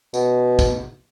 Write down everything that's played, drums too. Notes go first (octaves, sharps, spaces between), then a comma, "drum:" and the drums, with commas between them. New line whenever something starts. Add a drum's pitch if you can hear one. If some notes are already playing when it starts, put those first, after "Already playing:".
B2, drum: tambourine
drum: kick, tambourine